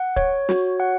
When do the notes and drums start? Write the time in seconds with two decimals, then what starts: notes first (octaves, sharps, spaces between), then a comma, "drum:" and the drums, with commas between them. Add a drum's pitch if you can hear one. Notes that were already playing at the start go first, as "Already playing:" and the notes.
Already playing: F#5
0.16 C#5, drum: kick
0.49 F#4, drum: snare
0.80 F#5